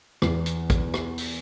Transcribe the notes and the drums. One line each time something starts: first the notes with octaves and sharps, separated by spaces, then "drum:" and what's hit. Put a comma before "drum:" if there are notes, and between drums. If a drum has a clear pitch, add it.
E2, drum: rim click
drum: hi-hat
drum: kick, hi-hat
drum: rim click
drum: open hi-hat